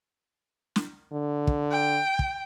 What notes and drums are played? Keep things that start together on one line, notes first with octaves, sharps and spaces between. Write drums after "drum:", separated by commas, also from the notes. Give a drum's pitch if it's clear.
drum: snare
D3
drum: kick
G5
drum: kick